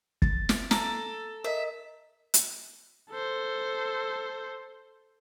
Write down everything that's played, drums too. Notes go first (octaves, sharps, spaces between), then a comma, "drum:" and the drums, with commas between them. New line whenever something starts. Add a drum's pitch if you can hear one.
A6, drum: kick
drum: snare
A4 A#5, drum: snare
A#4 D#5 E5
drum: hi-hat
A4 C5